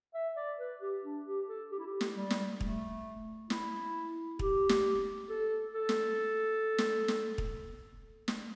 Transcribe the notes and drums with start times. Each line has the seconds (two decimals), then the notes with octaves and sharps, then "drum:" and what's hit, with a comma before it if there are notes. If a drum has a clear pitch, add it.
0.14 E5
0.36 D5
0.59 B4
0.82 G4
1.03 D4
1.26 G4
1.48 A4
1.71 G4
1.79 E4
1.86 G4
2.01 drum: snare
2.16 G3
2.30 drum: snare
2.60 A3, drum: kick
3.50 E4, drum: snare
4.39 G4, drum: kick
4.69 drum: snare
5.29 A4
5.74 A4
5.89 drum: snare
6.78 drum: snare
7.08 drum: snare
7.38 drum: kick
8.28 drum: snare